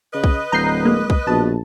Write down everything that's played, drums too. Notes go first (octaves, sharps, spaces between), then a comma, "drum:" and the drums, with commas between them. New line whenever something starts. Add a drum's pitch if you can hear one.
C#3 B4 D#5
drum: kick
D1 A#5 G6 C7
G#3 A#3
drum: kick
A#1 B2 A5